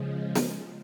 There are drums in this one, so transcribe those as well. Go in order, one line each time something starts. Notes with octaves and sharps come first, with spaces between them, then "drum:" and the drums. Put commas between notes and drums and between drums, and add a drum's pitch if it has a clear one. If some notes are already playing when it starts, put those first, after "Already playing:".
Already playing: C#3 F3 G#3
drum: snare